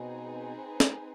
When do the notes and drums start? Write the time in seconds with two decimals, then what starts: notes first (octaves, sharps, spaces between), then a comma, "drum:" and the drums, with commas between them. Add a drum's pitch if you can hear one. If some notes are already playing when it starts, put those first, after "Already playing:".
Already playing: B2 C4 D#4 G#4 B4
0.80 drum: snare